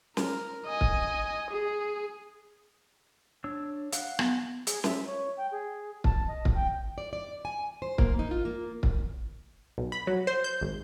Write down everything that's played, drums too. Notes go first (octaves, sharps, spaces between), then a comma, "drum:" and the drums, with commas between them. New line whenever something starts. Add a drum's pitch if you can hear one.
A#4, drum: snare
D#5 G#5
drum: kick
G#4
D4 C#5 E6
F5 F#5, drum: hi-hat
B3, drum: rim click
G#4, drum: hi-hat
E5, drum: snare
C#5
G5
G#4
A5, drum: kick
D#5
drum: kick
G5
D5
D5
G#5
C5
A#3, drum: kick
D#4
F4
A#3
drum: kick
B1
B5
F#3
C5
G6
G#1